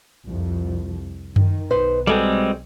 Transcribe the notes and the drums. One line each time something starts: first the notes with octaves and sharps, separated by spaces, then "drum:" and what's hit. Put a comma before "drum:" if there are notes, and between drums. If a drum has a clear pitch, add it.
C2 F2 F3
D#3, drum: tom F#2
B1 D#4 B4 C5
G3 G#3 C4 F#4 G#4 A4